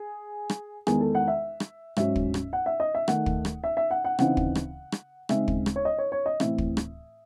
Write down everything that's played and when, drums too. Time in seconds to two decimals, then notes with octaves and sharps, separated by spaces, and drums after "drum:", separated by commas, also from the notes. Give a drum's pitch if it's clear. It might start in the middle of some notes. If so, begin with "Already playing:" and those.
Already playing: G#4
0.50 drum: rim click
0.87 E2 D#3 G#3 G#4, drum: rim click
1.01 A4
1.15 F#5
1.28 E5
1.60 drum: rim click
1.97 G#2 F#3 C#4 E5, drum: rim click
2.16 drum: kick
2.34 drum: rim click
2.53 F#5
2.66 E5
2.80 D#5
2.95 E5
3.08 D#3 A3 D#4 F#5, drum: rim click
3.26 drum: kick
3.45 drum: rim click
3.64 E5
3.77 E5
3.91 F#5
4.04 F#5
4.19 C#3 E3 C4 D#4 F#5, drum: rim click
4.37 drum: kick
4.55 drum: rim click
4.92 drum: rim click
5.29 C#3 G#3 C4 D#4 E5, drum: rim click
5.48 drum: kick
5.66 drum: rim click
5.76 C#5
5.85 D#5
5.98 C#5
6.12 C#5
6.26 D#5
6.40 A2 E3 C4 E5, drum: rim click
6.58 drum: kick
6.77 drum: rim click